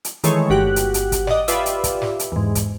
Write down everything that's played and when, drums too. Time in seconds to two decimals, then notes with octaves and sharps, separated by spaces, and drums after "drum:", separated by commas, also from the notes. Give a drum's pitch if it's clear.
0.05 drum: hi-hat
0.24 D#3 E3 G#3 A3 C#5, drum: hi-hat
0.49 G1 F#4 G4 F#6
0.76 drum: hi-hat
0.94 drum: hi-hat
1.12 drum: kick, hi-hat
1.27 D5 D#5, drum: snare
1.48 F4 G4 B4 D5 E5, drum: hi-hat
1.66 drum: hi-hat
1.84 drum: kick, hi-hat
2.02 drum: snare
2.19 drum: hi-hat
2.32 E2 G#2
2.55 drum: kick, hi-hat